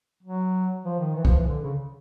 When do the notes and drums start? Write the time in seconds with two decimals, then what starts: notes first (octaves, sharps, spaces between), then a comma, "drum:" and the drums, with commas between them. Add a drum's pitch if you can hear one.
0.23 F#3
0.85 F3
1.00 D#3
1.15 E3
1.25 F3, drum: kick C2
1.36 E3
1.46 D3
1.61 C#3